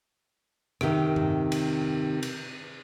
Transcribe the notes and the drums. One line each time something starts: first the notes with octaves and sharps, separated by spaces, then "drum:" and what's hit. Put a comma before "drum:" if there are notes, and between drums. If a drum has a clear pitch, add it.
C3 D#3, drum: rim click
drum: tom G2
drum: cymbal
drum: cymbal